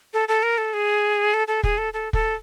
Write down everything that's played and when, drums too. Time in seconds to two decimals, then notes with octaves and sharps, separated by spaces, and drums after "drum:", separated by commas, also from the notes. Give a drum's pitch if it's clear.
0.14 A4
0.28 A4
0.43 A#4
0.58 A4
0.74 G#4
1.34 A4
1.48 A4
1.63 G#4, drum: kick
1.78 A4
1.93 A4
2.13 A4, drum: kick